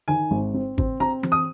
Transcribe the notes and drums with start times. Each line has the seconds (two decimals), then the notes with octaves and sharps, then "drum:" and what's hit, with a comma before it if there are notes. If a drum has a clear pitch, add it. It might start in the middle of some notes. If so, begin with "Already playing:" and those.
0.08 D#3 G#5
0.31 G#1
0.54 C4
0.78 C4, drum: kick G#1
1.00 C4 A#5
1.23 C4, drum: tom E3
1.32 D#6